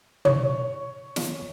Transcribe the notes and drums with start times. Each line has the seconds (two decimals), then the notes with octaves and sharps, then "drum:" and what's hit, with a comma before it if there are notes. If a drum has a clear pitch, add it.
0.25 C#5, drum: tom
1.16 drum: snare